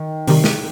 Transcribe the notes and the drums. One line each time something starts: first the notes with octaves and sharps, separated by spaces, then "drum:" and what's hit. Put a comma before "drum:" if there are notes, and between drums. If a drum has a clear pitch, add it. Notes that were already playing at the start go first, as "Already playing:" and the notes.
Already playing: D#3
C3 D#3 G3, drum: open hi-hat
drum: snare